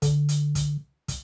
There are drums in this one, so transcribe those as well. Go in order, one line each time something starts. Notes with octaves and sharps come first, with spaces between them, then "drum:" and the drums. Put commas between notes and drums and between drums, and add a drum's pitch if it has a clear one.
D3, drum: kick, hi-hat
drum: hi-hat
drum: kick, hi-hat
drum: kick, hi-hat